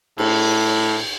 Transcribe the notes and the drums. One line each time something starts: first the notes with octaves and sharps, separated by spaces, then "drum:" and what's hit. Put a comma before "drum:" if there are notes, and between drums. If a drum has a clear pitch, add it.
A2, drum: cymbal